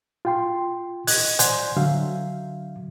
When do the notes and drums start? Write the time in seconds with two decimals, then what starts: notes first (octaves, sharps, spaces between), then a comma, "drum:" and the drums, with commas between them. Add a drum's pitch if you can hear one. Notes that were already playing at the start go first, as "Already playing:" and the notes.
0.25 F4 G5 C6
1.07 D#5 F#6 G#6, drum: open hi-hat
1.39 C5 D5 F#5 G#5 C6 G6, drum: hi-hat
1.77 D3 F#3 E5 F5